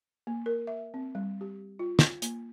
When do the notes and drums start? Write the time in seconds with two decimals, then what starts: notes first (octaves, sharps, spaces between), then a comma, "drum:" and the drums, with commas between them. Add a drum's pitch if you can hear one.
0.27 A#3
0.46 A#4
0.67 E5
0.94 C4
1.15 G3
1.41 G4
1.79 F4
1.99 drum: snare
2.22 A#3, drum: hi-hat